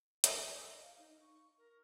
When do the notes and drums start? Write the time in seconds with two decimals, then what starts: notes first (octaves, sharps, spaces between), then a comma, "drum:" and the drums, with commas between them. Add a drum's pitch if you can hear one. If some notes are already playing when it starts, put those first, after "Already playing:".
0.24 D#6, drum: hi-hat
0.61 D#5
0.81 F5
0.97 D#4
1.20 C#6
1.57 A#4